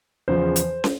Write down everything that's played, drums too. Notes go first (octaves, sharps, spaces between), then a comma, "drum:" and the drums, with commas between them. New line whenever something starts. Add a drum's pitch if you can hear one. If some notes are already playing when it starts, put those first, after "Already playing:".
E2 C#3 F3 C5
drum: hi-hat
drum: snare